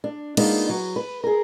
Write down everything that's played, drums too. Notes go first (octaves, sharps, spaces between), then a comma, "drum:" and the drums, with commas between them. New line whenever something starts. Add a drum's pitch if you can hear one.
D4
G#3 A#3 B3 D4 D#4 F4, drum: cymbal
F#3
B4
G#4 A#4